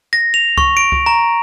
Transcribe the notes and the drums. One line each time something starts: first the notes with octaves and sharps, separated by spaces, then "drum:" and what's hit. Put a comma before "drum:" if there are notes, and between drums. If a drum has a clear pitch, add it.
A#6
F7
C#6, drum: kick C#2
D7
drum: kick C#2
A#5